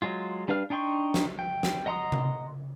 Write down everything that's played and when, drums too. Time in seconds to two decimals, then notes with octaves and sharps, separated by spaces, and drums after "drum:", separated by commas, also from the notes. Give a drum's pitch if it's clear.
0.02 F#3 G#3 F4
0.48 G3 D4 B4 F5 F6
0.70 D4 D#4 G5 C6 C#6
1.14 drum: snare
1.39 G5
1.63 drum: snare
1.86 D#5 F#5 A#5 C6 D#6
2.12 drum: tom C3